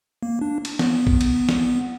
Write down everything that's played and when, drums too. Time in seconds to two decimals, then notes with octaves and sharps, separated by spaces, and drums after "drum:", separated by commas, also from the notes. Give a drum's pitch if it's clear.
0.23 A#3
0.41 D4
0.65 drum: cymbal
0.79 B3, drum: snare
1.07 drum: kick
1.21 drum: cymbal
1.49 drum: snare